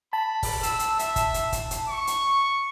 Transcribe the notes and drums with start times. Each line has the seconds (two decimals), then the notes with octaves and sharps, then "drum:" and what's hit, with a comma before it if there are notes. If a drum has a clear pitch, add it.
0.13 A5 B5
0.43 drum: kick, open hi-hat
0.63 E6, drum: hi-hat
0.79 drum: hi-hat
0.99 E5, drum: hi-hat
1.16 drum: kick, hi-hat
1.34 drum: hi-hat
1.52 drum: kick, hi-hat
1.71 drum: hi-hat
1.89 C#6
2.07 drum: hi-hat